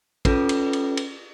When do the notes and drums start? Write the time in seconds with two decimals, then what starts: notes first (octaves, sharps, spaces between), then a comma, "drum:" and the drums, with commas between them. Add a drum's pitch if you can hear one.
0.25 C#4 F4 A4 B4, drum: kick, cymbal
0.49 drum: cymbal
0.73 drum: cymbal
0.97 drum: cymbal